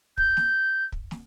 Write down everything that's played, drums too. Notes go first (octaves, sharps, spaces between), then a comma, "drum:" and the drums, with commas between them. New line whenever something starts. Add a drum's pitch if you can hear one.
G6, drum: kick
drum: snare
drum: kick
drum: snare